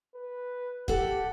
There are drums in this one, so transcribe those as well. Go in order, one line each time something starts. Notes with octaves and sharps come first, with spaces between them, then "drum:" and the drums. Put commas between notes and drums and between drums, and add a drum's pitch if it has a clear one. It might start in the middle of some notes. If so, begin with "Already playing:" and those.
B4
G4 A4 F#5, drum: kick